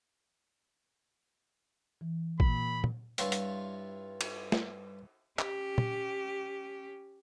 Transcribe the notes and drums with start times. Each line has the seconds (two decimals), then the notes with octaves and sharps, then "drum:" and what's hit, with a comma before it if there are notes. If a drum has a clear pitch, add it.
2.01 E3
2.40 A#2 B5, drum: kick A#1
2.84 drum: tom
3.18 G2 E4 F4 C#5 F5, drum: hi-hat
3.32 drum: hi-hat
4.21 drum: cymbal
4.52 drum: snare
5.39 C#4 G4, drum: clap
5.78 drum: tom